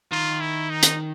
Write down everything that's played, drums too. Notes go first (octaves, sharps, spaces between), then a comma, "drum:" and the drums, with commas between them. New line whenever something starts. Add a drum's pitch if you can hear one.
D#3 F4
E4
D#4
drum: hi-hat